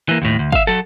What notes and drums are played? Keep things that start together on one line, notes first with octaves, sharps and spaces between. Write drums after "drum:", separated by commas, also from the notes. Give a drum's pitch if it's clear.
E3 A#3
D#2 A2
D2
E5 F5, drum: kick
F#3 A4